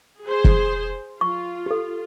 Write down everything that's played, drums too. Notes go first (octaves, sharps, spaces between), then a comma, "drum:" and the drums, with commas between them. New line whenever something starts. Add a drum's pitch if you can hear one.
G#4 C5
drum: kick
F4 C#6
G4 A4